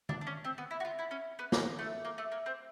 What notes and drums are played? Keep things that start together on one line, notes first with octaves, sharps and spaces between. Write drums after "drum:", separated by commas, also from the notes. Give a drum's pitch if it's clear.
D4, drum: tom D3
D4
C#4
C4
B3
E4
F#4
F4
E4
C#4
B3
A#3, drum: snare
A3
A#3
A3
A#3
C4